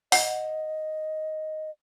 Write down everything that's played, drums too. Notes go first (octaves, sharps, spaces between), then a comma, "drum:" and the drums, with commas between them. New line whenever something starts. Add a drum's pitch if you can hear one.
D#5 F#5, drum: open hi-hat